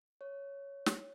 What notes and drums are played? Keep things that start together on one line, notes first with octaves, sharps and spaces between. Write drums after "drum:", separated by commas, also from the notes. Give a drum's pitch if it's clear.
C#5
drum: snare